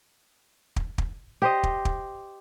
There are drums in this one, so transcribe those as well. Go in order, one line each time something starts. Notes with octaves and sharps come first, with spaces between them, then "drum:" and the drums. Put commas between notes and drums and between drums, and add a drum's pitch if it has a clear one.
drum: kick
drum: kick
G4 C5 D#5
drum: kick
drum: kick